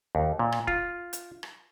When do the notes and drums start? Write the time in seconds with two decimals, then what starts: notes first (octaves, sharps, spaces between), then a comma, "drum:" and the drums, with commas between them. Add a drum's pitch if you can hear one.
0.15 D#2
0.39 A#2
0.52 drum: rim click
0.67 F4, drum: kick
1.13 drum: hi-hat
1.43 drum: rim click